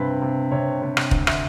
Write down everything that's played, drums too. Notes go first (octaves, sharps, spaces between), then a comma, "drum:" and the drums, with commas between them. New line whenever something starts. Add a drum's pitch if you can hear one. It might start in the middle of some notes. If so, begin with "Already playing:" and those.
Already playing: G2 C3 B4
C3
C3 C#5
C3
drum: rim click
D2, drum: kick
E5, drum: rim click